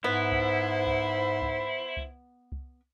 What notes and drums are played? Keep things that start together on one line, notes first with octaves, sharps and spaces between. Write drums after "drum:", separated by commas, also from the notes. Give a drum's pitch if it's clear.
G#2 B3 E4 C5
drum: kick C2
drum: kick C2
drum: kick C2
drum: kick C2
drum: kick C2